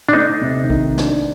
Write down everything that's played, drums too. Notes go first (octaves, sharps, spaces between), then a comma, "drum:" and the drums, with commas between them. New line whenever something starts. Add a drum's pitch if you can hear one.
D4
A3 D#4
C3
D#3, drum: kick A#1
D4, drum: snare